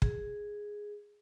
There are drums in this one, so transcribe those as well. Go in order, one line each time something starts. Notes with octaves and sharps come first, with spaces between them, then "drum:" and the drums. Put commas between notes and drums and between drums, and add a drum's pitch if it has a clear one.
G#4, drum: kick